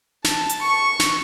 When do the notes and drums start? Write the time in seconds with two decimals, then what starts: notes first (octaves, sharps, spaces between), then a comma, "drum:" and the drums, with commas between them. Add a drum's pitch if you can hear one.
0.24 A5, drum: snare
0.49 drum: hi-hat
0.62 C#6
1.00 drum: snare